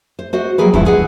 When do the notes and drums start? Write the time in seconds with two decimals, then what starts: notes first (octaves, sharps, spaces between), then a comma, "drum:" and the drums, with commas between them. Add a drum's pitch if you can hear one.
0.19 C5
0.33 F#4 C5 D#5
0.58 F#3 G3 A#3 G#4 B4
0.74 E2 G#2 E3 F3 G3 E4, drum: kick
0.86 G#4 B4 D#5 F#5